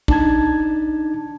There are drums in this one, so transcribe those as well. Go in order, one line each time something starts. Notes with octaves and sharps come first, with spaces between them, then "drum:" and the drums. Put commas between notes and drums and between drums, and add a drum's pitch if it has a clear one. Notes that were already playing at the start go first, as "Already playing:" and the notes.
D4 D#4 A5 G#6, drum: kick